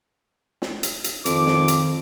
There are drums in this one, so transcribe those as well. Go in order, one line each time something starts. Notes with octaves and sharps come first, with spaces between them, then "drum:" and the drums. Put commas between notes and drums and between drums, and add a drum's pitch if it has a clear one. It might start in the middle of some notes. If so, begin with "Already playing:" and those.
drum: snare
drum: hi-hat
drum: hi-hat
F2 D#3 D6, drum: hi-hat
drum: snare
drum: hi-hat